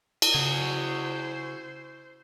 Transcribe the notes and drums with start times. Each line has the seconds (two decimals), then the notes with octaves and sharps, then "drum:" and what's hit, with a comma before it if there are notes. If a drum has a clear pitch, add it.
0.22 drum: cymbal
0.34 C#3 E4 F#4 G#4 C5